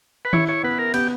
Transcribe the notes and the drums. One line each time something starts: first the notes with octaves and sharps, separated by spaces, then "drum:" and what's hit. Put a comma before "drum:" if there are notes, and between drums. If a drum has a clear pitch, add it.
B4
E4 C#5, drum: tom D#3
C#5
B3 B4
A#4
B3 G4, drum: cymbal